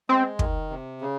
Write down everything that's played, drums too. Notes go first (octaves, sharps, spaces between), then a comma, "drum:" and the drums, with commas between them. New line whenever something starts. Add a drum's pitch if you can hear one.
G#3 C4
D#3, drum: kick
C3
C#3